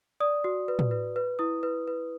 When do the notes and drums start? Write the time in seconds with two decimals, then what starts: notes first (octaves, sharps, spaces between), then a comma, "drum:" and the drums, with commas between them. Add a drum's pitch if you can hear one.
0.20 D5 D#6
0.44 F#4
0.68 B4
0.79 drum: tom
0.91 B4
1.16 B4
1.39 E4 D#6
1.63 B4
1.88 B4